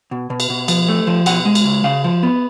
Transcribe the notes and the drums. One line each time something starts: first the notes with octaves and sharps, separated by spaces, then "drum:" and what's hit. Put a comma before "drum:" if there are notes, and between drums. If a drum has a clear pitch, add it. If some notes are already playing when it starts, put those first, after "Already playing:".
B2
B2
drum: cymbal
B2
F3, drum: cymbal
A3
F3
B2 F#5, drum: cymbal
G#3
drum: cymbal
C#2
C#3 F5
F3
B3